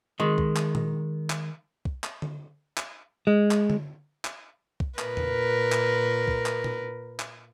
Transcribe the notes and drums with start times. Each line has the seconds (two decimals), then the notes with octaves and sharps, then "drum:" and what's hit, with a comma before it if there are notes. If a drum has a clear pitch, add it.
0.20 D#3 G#3
0.38 drum: kick B1
0.56 drum: clap
0.75 drum: tom A#2
1.30 drum: clap
1.85 drum: kick B1
2.04 drum: clap
2.22 drum: tom D3
2.77 drum: clap
3.27 G#3
3.51 drum: clap
3.70 drum: tom D3
4.25 drum: clap
4.80 drum: kick B1
4.99 A#2 A#4 B4, drum: clap
5.17 drum: tom E2
5.72 drum: clap
6.28 drum: kick B1
6.46 drum: clap
6.64 drum: tom A#2
7.20 drum: clap